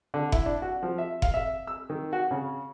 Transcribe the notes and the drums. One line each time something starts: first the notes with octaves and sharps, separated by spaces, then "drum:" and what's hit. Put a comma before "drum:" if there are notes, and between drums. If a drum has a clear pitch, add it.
D3
E4, drum: kick F#1
D4
F#4
F3
E5
F5, drum: kick F#1
E5
E6
D#3
F#4
C#3